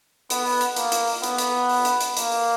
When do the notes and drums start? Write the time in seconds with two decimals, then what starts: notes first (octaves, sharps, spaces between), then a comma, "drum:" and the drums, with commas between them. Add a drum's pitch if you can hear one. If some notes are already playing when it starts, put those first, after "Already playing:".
0.30 B3, drum: hi-hat
0.45 drum: open hi-hat
0.61 drum: hi-hat
0.76 A#3, drum: hi-hat
0.92 drum: hi-hat
1.07 drum: open hi-hat
1.24 B3, drum: hi-hat
1.38 drum: hi-hat
1.69 drum: open hi-hat
1.85 drum: hi-hat
2.01 drum: hi-hat
2.17 A#3, drum: hi-hat
2.32 drum: open hi-hat